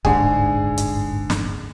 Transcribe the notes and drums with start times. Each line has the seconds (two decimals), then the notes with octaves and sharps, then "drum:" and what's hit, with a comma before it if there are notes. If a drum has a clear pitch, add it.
0.05 D1 G1 G#2 D3 G#4, drum: kick C#1
0.78 drum: hi-hat
1.30 drum: snare